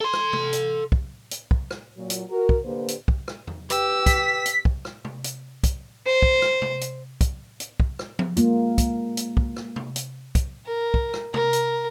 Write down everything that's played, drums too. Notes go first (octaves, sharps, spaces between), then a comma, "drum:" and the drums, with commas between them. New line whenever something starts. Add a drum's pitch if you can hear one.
A4 C6
drum: rim click
drum: tom C3
drum: hi-hat
drum: kick
drum: hi-hat
drum: kick
drum: rim click
A#2 F#3
drum: hi-hat
F#4 A#4
drum: kick
D3 A#3 G4 B4 C5
drum: hi-hat
drum: kick
drum: rim click
drum: tom E2
G4 B4 G5 E6, drum: hi-hat
B6, drum: kick, hi-hat
drum: hi-hat
drum: kick
drum: rim click
drum: tom C3
drum: hi-hat
drum: kick, hi-hat
C5
drum: kick
drum: rim click
drum: tom C3
drum: hi-hat
drum: kick, hi-hat
drum: hi-hat
drum: kick
drum: rim click
drum: tom F3
G#3 A#3 F4, drum: hi-hat
drum: kick, hi-hat
drum: hi-hat
drum: kick
drum: rim click
drum: tom C3
drum: hi-hat
drum: kick, hi-hat
A#4
drum: kick
drum: rim click
A#4, drum: tom C3
drum: hi-hat